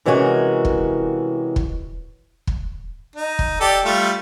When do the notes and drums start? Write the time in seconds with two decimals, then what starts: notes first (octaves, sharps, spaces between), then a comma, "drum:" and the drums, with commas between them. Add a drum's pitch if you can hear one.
0.05 C3 E3 G#3 C#4 F#4 A#4
0.65 drum: kick
1.56 drum: kick
2.47 drum: kick
3.16 D#4
3.39 drum: kick
3.61 G4 A4 D5
3.85 G3 A3 F4